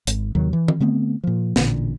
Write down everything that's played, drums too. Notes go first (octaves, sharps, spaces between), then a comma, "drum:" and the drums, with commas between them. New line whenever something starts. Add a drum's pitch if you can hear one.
G#1, drum: hi-hat
D#2 C3 D#3 F#3
E3
drum: tom D#3
D3 A3 B3 C4
A#2 F3
A1 A#2 D3, drum: snare